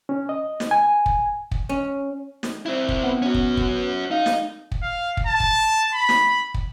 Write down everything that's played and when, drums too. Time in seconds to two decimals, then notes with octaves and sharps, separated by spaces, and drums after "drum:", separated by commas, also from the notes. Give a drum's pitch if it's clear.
0.09 C#4
0.29 D#5
0.60 drum: snare
0.71 G#5
1.06 drum: kick
1.51 drum: kick
1.69 C#4
2.43 drum: snare
2.66 C4 E4
2.89 drum: kick
3.03 B3
3.22 C#4 F#4
3.34 drum: kick
3.57 drum: kick
4.11 D#4 F5
4.26 drum: snare
4.72 drum: kick
4.83 F5
5.17 drum: kick
5.27 A5
5.40 drum: kick
5.94 B5
6.09 drum: snare
6.54 drum: kick